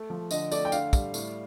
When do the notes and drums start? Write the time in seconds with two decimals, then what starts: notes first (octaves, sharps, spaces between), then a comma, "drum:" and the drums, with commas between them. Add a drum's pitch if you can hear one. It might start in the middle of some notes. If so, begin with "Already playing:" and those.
Already playing: A3
0.10 F3
0.31 D3 D#5, drum: tambourine
0.52 A3 D5, drum: tambourine
0.65 G5
0.72 D3 F5, drum: tambourine
0.93 G3, drum: kick, tambourine
1.14 A2, drum: tambourine